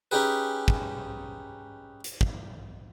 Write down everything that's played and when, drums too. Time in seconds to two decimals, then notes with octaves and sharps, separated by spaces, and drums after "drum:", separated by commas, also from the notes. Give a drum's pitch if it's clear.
0.11 C#4 D#4 G4 G#4 B4
0.68 drum: kick
2.04 drum: hi-hat
2.21 drum: kick